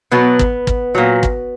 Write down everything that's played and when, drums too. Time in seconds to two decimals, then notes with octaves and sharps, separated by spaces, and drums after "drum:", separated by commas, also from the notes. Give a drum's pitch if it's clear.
0.11 B2 F#3 B3
0.39 drum: kick
0.67 drum: kick
0.95 A#2 F#3
1.23 drum: kick